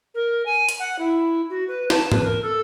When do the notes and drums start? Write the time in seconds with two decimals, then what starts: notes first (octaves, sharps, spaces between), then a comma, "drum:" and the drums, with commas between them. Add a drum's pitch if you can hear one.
0.15 A#4
0.46 G#5
0.69 drum: hi-hat
0.80 F#5
0.99 E4
1.50 F#4
1.68 B4
1.90 A5, drum: snare
2.12 B4, drum: tom G#2
2.24 A#4
2.43 A4